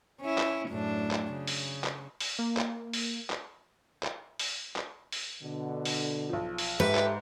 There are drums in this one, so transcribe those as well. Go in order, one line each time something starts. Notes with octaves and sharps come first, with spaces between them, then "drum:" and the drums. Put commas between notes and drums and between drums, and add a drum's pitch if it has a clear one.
C#4 E4
drum: clap
F#2 A2 D4
drum: clap
C#3
drum: open hi-hat
drum: clap
drum: open hi-hat
A#3
drum: clap
drum: open hi-hat
drum: clap
drum: clap
drum: open hi-hat
drum: clap
drum: open hi-hat
B2 D3
drum: open hi-hat
B1 F3
drum: open hi-hat
G#2 G4 A4 B4 E5
drum: clap